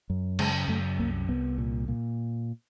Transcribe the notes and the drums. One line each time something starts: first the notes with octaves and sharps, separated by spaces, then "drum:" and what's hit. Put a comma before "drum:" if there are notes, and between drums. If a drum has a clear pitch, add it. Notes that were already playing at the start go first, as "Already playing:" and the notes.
F#2
C#3 G#3, drum: cymbal
F#2 A3
C2 A#3
C2 B3
A#2
A#2